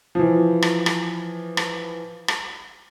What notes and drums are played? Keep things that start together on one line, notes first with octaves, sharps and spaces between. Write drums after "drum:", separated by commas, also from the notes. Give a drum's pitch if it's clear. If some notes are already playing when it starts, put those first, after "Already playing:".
E3 F3
drum: rim click
drum: rim click
drum: rim click
drum: rim click